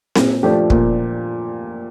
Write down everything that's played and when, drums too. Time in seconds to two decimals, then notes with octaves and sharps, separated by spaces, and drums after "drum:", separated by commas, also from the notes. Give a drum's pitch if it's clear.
0.15 A#2, drum: snare C4
0.43 F3 A3 D4 G4
0.70 A#2, drum: kick